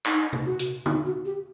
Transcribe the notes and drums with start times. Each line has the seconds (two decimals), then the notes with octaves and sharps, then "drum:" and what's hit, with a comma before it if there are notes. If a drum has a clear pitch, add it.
0.06 D#4, drum: clap
0.33 drum: tom C3
0.46 F#4
0.59 drum: hi-hat
0.86 D#4, drum: tom D3
1.06 F#4
1.25 G4